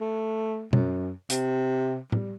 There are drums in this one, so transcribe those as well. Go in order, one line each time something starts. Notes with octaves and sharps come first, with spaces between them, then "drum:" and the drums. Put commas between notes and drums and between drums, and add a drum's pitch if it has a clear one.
A3
F#2, drum: tom B2
C3, drum: hi-hat
G3, drum: tom A2